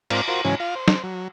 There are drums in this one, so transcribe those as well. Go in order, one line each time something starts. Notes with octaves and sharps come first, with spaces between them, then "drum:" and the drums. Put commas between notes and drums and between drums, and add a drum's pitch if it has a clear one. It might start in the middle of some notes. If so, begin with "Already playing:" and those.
G#2 C4 F4 A#4 D5 F6, drum: cymbal
F4 F#4 A#4 C5
G#2 C#3 E3 F#3 C#4 G#5
F4 F5
C5
drum: snare
F#3